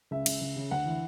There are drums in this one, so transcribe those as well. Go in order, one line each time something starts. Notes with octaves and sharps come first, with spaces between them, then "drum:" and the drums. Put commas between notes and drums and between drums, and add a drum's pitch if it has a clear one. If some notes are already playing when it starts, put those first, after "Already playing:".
C#2 E5
C#2, drum: cymbal
C#2
C#3
D2 F#5
E3